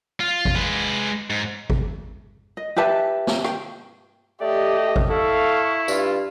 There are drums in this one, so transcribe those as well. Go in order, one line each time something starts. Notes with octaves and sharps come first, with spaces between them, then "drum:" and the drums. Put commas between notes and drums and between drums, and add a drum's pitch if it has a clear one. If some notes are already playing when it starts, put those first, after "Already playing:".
F4
drum: kick G#1
G#3 B4
G#2
drum: kick G#1
D#5
G4 B4 E5 A5
drum: snare
G5, drum: rim click
A3 G4 D5 D#5
drum: kick G#1
E4 A4 F5 C#6
G2 F4, drum: tambourine